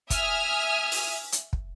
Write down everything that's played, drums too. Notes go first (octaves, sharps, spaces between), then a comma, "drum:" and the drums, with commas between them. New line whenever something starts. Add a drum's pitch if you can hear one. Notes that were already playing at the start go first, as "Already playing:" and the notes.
E5 G#5 D#6 F6, drum: kick, hi-hat
drum: open hi-hat
drum: hi-hat
drum: kick